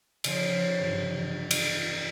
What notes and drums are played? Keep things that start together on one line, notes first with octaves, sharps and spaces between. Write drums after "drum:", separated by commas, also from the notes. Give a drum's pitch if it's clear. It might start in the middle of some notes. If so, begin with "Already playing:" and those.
C#3 F3, drum: cymbal
F1 G2 E3
drum: cymbal